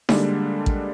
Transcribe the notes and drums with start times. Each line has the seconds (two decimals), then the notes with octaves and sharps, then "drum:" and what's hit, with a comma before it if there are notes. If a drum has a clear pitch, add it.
0.09 D3 G3 G#3 A#3 D4, drum: snare D#4
0.66 drum: kick